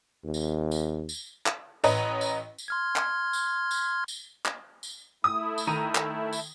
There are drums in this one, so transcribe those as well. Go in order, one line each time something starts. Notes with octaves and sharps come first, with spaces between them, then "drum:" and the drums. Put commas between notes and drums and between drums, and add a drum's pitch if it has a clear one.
D#2
drum: tambourine
drum: tambourine
drum: tambourine
drum: clap
A1 B4 C#5 D#5 A#5, drum: tambourine
drum: tambourine
drum: tambourine
C6 F6 G#6
drum: clap
drum: tambourine
drum: tambourine
drum: tambourine
drum: clap
drum: tambourine
A3 E4 D#6
drum: tambourine
D#3 A#5 D#7
drum: clap
drum: tambourine